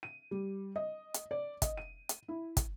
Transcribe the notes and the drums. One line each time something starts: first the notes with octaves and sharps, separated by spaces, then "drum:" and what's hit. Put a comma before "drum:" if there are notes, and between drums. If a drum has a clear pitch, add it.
D#7
G3
D#5
drum: hi-hat
D5
D#5, drum: kick, hi-hat
D#7
drum: hi-hat
E4
drum: kick, hi-hat